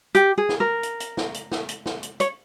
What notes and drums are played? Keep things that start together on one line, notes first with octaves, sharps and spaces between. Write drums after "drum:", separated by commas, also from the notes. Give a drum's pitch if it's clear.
G4, drum: hi-hat
G#4
drum: snare
A#4
drum: hi-hat
drum: hi-hat
drum: snare
drum: hi-hat
drum: snare
drum: hi-hat
drum: snare
drum: hi-hat
C#5, drum: hi-hat